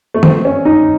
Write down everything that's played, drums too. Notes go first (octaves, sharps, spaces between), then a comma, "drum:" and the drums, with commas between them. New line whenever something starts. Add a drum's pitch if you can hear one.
A3
C4, drum: tom
C#4
D#4